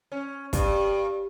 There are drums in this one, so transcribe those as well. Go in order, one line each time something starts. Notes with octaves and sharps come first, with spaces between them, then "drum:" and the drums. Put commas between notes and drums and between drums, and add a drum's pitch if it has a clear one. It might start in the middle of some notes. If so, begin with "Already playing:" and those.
C#4
G2, drum: kick, hi-hat